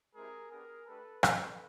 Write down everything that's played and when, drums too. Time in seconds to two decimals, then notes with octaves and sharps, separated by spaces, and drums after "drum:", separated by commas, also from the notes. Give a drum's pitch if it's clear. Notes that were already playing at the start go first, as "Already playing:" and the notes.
0.15 G#3 C4 E4 G4 G#4 A#4
0.51 B3 D4 G4 G#4 A#4
0.87 A3 D4 G4 A4 B4
1.23 A3 D4 F4 A4 B4, drum: rim click